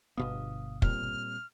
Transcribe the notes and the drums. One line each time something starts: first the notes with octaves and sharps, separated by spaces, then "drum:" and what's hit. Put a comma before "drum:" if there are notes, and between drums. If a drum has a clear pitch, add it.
G1 B2 B3 F5 D#6
A#2 G3 C4 F6, drum: kick